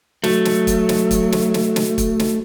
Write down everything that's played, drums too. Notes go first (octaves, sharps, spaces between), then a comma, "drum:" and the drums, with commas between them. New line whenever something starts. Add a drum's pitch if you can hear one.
F#3 A3 F#4, drum: snare
drum: snare
drum: kick, hi-hat
drum: snare
drum: kick, hi-hat
drum: snare
drum: snare
drum: snare
drum: kick, hi-hat
drum: snare